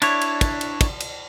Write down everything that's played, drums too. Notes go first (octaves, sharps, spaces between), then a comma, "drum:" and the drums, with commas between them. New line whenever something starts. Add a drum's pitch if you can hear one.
D4 E4 C#5, drum: cymbal
drum: cymbal
drum: kick, cymbal
drum: cymbal
drum: kick, cymbal
drum: cymbal